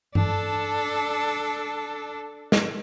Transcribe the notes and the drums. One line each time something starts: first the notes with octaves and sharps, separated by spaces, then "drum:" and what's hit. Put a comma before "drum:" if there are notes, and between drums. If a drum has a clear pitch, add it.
D4 A4, drum: tom G2
drum: snare